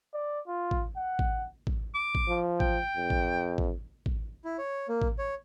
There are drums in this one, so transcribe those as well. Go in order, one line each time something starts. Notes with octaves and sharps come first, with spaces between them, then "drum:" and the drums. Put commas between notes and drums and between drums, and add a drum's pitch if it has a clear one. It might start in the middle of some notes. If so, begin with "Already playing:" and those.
D5
F4
drum: kick A1
F#5
drum: kick A1
drum: kick A1
D6
drum: kick A1
F3
G5, drum: kick A1
F2
drum: kick A1
drum: kick A1
drum: kick A1
E4
C#5
A#3
drum: kick A1
C#5